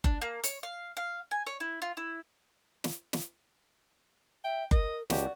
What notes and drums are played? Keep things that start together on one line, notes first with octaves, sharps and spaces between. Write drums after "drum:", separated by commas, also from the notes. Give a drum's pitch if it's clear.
D4, drum: kick F#1
A#3
C#5, drum: hi-hat
F5
F5
G#5
C#5
E4
F4
E4
drum: snare
drum: snare
E5 G5
A#4 D#5, drum: kick F#1
C#2 F#4 G4 D5, drum: snare